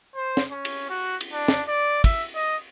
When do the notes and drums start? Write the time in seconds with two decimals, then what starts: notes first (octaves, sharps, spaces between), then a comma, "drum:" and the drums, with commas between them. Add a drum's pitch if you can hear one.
0.15 C5
0.37 drum: snare
0.51 C#4
0.65 drum: cymbal
0.90 F#4
1.21 drum: cymbal
1.33 D4
1.48 drum: snare
1.68 D5
2.04 E5, drum: kick, cymbal
2.35 D#5